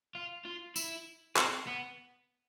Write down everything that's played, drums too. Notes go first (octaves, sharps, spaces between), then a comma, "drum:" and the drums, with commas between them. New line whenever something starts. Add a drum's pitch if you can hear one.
F4
F4
E4, drum: tambourine
C4, drum: clap
B3